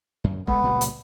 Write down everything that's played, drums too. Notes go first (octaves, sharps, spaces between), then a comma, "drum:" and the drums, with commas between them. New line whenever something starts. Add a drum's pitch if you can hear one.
F#2
G#3 A3 B3, drum: kick
C#2 A#2 G3
drum: hi-hat